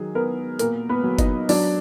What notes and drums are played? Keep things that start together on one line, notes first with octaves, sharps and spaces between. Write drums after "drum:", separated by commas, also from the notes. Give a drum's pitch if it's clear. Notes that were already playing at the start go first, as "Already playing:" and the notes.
Already playing: D#3 F#3 G#4
B3 A#4
A#2 A#4, drum: hi-hat
B3 B4
F#3
D#4 D#5, drum: kick F#1, hi-hat
F#3 D4 D5, drum: open hi-hat